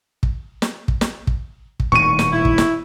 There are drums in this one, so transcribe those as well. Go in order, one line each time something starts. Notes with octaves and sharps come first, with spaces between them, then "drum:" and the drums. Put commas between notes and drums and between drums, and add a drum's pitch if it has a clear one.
drum: kick
drum: snare
drum: kick
drum: snare
drum: kick
drum: kick
D#1 A2 D#3 C#6 D#7
drum: snare
E4
drum: kick
drum: snare